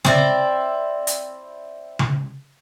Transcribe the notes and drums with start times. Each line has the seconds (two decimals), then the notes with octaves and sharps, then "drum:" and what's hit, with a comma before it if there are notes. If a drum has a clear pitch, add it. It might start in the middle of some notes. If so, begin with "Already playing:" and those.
0.05 C4 E4 D5, drum: tom C#3
1.07 drum: hi-hat
1.99 drum: tom C#3